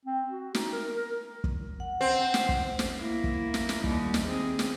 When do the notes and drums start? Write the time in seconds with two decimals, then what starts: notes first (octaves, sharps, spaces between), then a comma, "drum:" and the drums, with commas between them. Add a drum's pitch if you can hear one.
0.06 C4
0.30 F#4
0.54 D#4, drum: snare
0.72 A#4
0.95 A#4
1.44 drum: kick
1.80 F#5
2.01 C4 F#5
2.34 drum: snare
2.49 drum: kick
2.79 drum: snare
2.97 A#3 E4
3.24 drum: kick
3.54 drum: snare
3.69 drum: snare
3.84 D#2 G3, drum: kick
4.14 drum: snare
4.24 C4 G#4
4.59 drum: snare